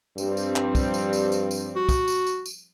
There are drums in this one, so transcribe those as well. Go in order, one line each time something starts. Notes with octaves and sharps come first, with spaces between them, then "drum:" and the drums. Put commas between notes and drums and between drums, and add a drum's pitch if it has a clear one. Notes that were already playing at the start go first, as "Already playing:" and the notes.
G2 F3 G3 C4, drum: tambourine
drum: tambourine
drum: clap
drum: kick, tambourine
drum: tambourine
drum: tambourine
drum: tambourine
drum: tambourine
F#4
drum: kick, tambourine
drum: tambourine
drum: tambourine
drum: tambourine